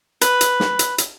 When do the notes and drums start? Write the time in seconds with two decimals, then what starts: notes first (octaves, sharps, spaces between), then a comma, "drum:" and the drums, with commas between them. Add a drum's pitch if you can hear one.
0.21 B4, drum: hi-hat
0.41 drum: hi-hat
0.60 drum: snare
0.79 drum: hi-hat
0.98 drum: hi-hat